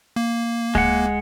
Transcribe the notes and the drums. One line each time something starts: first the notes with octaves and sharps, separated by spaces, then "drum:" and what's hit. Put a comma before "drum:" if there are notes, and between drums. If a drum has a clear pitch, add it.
A#3
G#3 F#5, drum: kick C#2